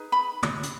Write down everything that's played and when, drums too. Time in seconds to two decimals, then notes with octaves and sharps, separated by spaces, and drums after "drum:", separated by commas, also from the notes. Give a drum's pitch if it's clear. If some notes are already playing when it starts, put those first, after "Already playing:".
Already playing: D#4 G#4 B4
0.12 B5
0.43 drum: tom
0.63 drum: hi-hat